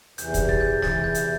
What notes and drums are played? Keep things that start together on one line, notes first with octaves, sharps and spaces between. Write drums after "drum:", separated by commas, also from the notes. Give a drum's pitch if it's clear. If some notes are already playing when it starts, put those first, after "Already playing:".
E2 C3 E3 G6, drum: hi-hat
drum: kick, hi-hat
A6, drum: kick
G6
E2 C3 E3 A6, drum: snare
G6
drum: hi-hat